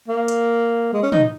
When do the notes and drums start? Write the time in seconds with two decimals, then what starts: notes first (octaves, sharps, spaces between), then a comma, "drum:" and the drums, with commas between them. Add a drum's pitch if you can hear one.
0.08 A#3
0.28 drum: hi-hat
0.93 G#3
1.03 C#4
1.12 D#4, drum: tom